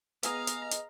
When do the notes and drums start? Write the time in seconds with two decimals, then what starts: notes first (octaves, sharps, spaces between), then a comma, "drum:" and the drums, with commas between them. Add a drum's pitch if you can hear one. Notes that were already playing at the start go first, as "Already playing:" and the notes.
0.23 B3 G#4 D#5 F5 A#5, drum: hi-hat
0.47 drum: hi-hat
0.71 drum: hi-hat